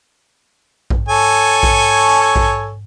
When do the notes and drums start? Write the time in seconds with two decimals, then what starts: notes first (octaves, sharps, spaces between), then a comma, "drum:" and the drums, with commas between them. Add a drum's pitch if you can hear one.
0.90 drum: kick A#1
1.09 A4 C#5 G#5
1.63 drum: kick A#1
2.36 drum: kick A#1